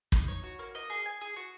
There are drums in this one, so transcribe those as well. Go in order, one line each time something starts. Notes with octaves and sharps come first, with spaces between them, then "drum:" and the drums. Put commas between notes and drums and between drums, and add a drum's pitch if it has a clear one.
D#4, drum: kick
C#5
F#4
A#3
D#5
G#4
G#5
G#4
F#4